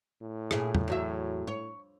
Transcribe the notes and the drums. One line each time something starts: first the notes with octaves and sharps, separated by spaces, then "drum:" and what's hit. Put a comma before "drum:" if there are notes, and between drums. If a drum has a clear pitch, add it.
A2
A#2 E4 G#4, drum: rim click
drum: tom E2
E2 F#3 E5
C#5